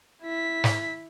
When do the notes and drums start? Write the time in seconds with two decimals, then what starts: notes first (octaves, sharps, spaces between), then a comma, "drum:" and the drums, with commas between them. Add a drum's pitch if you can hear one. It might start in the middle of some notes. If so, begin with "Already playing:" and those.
0.23 E4 B6
0.64 drum: snare